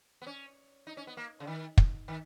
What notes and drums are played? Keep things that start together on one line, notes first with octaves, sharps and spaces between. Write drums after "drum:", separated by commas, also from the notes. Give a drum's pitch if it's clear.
B3
C#4
D#4
C#4
B3
A#3
C#3
D#3
drum: kick
D#3